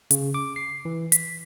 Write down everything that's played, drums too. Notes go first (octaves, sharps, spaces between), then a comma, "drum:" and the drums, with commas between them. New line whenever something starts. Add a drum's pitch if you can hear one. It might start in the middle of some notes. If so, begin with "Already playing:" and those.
C#3, drum: hi-hat
D6
C7
E3
B6, drum: hi-hat